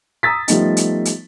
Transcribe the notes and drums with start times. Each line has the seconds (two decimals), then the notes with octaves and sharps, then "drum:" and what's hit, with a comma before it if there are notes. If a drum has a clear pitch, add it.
0.23 A#5 D#6 E6 A6 B6
0.48 F3 G3 A3 B3 D#4, drum: hi-hat
0.77 drum: hi-hat
1.05 drum: hi-hat